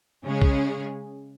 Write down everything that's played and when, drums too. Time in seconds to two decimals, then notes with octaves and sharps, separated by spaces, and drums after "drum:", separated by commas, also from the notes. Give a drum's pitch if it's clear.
0.23 C#3 G#3 C#4 G#4
0.42 drum: kick